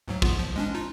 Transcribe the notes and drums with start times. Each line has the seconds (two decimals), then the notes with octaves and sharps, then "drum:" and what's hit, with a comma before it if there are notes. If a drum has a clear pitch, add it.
0.08 D2 G#2 F#3
0.22 B3 F4, drum: kick
0.39 F3
0.56 G#3 C#4 D4
0.75 D#4 F4